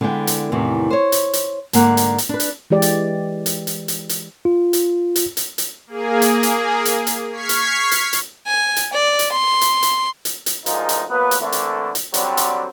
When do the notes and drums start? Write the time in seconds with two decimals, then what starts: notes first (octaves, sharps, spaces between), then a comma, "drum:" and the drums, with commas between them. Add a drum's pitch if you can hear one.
0.01 D3 G#3 B3 E4 G5
0.27 drum: hi-hat
0.52 E2 A2 C3 D#3 E3
0.90 C5 C#5
1.12 drum: hi-hat
1.33 drum: hi-hat
1.73 G#2 D3 A#3 F#5, drum: hi-hat
1.97 drum: hi-hat
2.18 drum: hi-hat
2.29 D4 B4
2.40 drum: hi-hat
2.70 E3 G#3 G4 D5
2.82 drum: hi-hat
3.46 drum: hi-hat
3.67 drum: hi-hat
3.88 drum: hi-hat
4.09 drum: hi-hat
4.45 F4
4.73 drum: hi-hat
5.16 drum: hi-hat
5.37 drum: hi-hat
5.58 drum: hi-hat
5.87 A#3 G#4
6.22 drum: hi-hat
6.43 drum: hi-hat
6.85 drum: hi-hat
7.07 drum: hi-hat
7.32 C#6 F6 G#6 B6 C7
7.49 drum: hi-hat
7.91 drum: hi-hat
8.13 drum: hi-hat
8.47 G#5
8.76 drum: hi-hat
8.93 D5
9.19 drum: hi-hat
9.32 C6
9.61 drum: hi-hat
9.83 drum: hi-hat
10.25 drum: hi-hat
10.46 drum: hi-hat
10.66 D2 F3 G#3 D#4 F4 A#4, drum: hi-hat
10.89 drum: hi-hat
11.10 F#3 A#3 B3 B4
11.31 drum: hi-hat
11.40 D3 E3 A3 A#3 C4 E4
11.52 drum: hi-hat
11.95 drum: hi-hat
12.14 D3 F#3 G3 C4, drum: hi-hat
12.37 drum: hi-hat